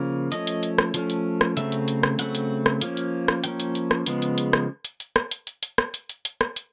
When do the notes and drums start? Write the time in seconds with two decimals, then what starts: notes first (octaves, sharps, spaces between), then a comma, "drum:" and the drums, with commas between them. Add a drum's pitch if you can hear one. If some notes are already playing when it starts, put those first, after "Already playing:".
Already playing: C#3 F3 A#3 C#4
0.32 F3 A3 C#4 D#5, drum: hi-hat
0.47 drum: hi-hat
0.63 drum: hi-hat
0.78 drum: rim click
0.94 F3 A3 C#4, drum: hi-hat
1.10 drum: hi-hat
1.41 drum: rim click
1.57 C#3 F#3 A3 C4 E5, drum: hi-hat
1.72 drum: hi-hat
1.88 drum: hi-hat
2.03 drum: rim click
2.19 C#3 F#3 A3 C4 F#5, drum: hi-hat
2.35 drum: hi-hat
2.66 drum: rim click
2.81 F3 A#3 C#4, drum: hi-hat
2.97 drum: hi-hat
3.28 drum: rim click
3.44 F3 A#3 C#4 G5, drum: hi-hat
3.60 drum: hi-hat
3.75 drum: hi-hat
3.91 drum: rim click
4.06 C#3 F3 G#3 B3, drum: hi-hat
4.22 drum: hi-hat
4.38 drum: hi-hat
4.53 drum: rim click
4.85 drum: hi-hat
5.00 drum: hi-hat
5.16 drum: rim click
5.31 drum: hi-hat
5.47 drum: hi-hat
5.63 drum: hi-hat
5.78 drum: rim click
5.94 drum: hi-hat
6.09 drum: hi-hat
6.25 drum: hi-hat
6.41 drum: rim click
6.56 drum: hi-hat